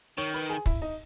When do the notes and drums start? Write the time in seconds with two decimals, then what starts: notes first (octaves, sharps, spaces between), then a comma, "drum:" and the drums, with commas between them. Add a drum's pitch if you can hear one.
0.17 D#3 C#5 C#6
0.34 B4 B5
0.49 G#4 G#5
0.66 E4 E5, drum: kick
0.82 D#4 D#5